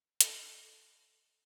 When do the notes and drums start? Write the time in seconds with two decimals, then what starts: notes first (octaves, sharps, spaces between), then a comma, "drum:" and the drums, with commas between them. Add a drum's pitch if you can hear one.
0.21 A4, drum: hi-hat